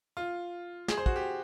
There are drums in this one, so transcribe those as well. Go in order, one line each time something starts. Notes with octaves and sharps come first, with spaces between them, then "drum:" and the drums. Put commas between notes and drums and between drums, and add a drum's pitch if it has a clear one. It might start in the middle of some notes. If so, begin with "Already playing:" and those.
F4
G#4, drum: snare
C5
F#4, drum: kick
G4